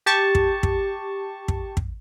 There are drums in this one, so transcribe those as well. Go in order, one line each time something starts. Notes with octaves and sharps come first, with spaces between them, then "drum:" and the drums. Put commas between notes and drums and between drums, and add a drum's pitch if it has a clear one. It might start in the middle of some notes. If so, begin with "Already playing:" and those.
G4 A5 C#6
drum: kick
drum: kick
drum: kick
drum: kick